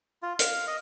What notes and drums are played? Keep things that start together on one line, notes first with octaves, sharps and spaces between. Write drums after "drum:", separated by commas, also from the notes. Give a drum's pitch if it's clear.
F4
F5, drum: hi-hat
D#5